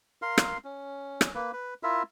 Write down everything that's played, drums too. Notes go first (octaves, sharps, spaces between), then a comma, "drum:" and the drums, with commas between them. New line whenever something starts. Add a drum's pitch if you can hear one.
A#4 F5 C6
drum: rim click
C#4
drum: rim click
A#3 B4
B4
E4 F4 A#4 E5